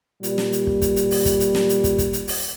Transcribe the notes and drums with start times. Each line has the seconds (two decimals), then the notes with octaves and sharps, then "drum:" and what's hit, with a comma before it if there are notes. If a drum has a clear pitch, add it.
0.23 A#2 G3, drum: hi-hat
0.38 drum: snare
0.52 drum: hi-hat
0.67 drum: kick
0.82 drum: kick, hi-hat
0.96 drum: hi-hat
1.11 drum: open hi-hat
1.25 drum: kick, hi-hat
1.40 drum: hi-hat
1.55 drum: snare
1.69 drum: hi-hat
1.84 drum: kick, hi-hat
1.98 drum: kick, hi-hat
2.13 drum: hi-hat
2.28 drum: open hi-hat